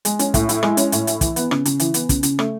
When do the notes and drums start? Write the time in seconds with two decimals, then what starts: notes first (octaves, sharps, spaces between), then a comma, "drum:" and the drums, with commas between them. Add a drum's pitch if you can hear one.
0.05 G#3, drum: hi-hat
0.19 C#4, drum: hi-hat
0.34 A2, drum: kick, hi-hat
0.49 E4, drum: hi-hat
0.63 G#3, drum: rim click
0.77 C#4, drum: hi-hat
0.92 A2, drum: hi-hat
1.07 E4, drum: hi-hat
1.21 E3, drum: kick, hi-hat
1.36 B3, drum: hi-hat
1.51 C#3, drum: rim click
1.65 C#3, drum: hi-hat
1.80 E3, drum: hi-hat
1.94 B3, drum: hi-hat
2.09 C#3, drum: kick, hi-hat
2.23 C#3, drum: hi-hat
2.39 A3, drum: rim click